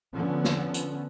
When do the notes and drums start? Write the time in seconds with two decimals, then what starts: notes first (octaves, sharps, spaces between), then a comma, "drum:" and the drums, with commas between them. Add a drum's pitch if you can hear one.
0.13 D3 F3 B3 C#4
0.44 drum: snare
0.74 drum: hi-hat